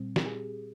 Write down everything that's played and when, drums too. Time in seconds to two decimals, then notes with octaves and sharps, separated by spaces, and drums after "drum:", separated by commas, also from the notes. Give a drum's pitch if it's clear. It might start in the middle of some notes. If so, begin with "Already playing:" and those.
Already playing: A#2 G3 C4
0.16 G4, drum: snare
0.26 G#4